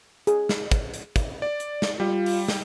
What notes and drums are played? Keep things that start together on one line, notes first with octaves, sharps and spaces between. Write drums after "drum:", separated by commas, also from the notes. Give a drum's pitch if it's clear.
G#4, drum: hi-hat
drum: snare
drum: kick, hi-hat
drum: hi-hat
drum: kick, hi-hat
D5
drum: hi-hat
drum: snare
G3 F4
drum: open hi-hat
drum: snare